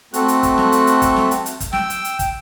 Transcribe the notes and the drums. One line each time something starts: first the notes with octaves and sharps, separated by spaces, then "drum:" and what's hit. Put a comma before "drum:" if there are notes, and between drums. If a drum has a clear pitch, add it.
A3 C4 F#4 A4 F#6, drum: hi-hat
drum: hi-hat
drum: kick, hi-hat
drum: snare
drum: hi-hat
drum: hi-hat
drum: kick, hi-hat
drum: snare
drum: hi-hat
drum: hi-hat
drum: kick, hi-hat
G5 E6, drum: snare
drum: hi-hat
drum: hi-hat
drum: kick, hi-hat